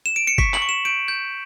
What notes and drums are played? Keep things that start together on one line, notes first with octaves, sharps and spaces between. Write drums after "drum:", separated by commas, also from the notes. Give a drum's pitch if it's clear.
E7
D7
C#7
C#6 B6, drum: kick F#1
F#7, drum: clap
C#6
E7
G6 D7
G6